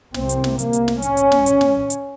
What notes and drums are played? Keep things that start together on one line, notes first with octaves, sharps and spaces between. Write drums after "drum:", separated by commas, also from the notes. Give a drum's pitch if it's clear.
C2 C3 C4, drum: snare
drum: hi-hat
drum: snare
A#3, drum: hi-hat
drum: hi-hat
drum: snare
C#4, drum: hi-hat
drum: hi-hat
drum: snare
drum: hi-hat
drum: snare
drum: hi-hat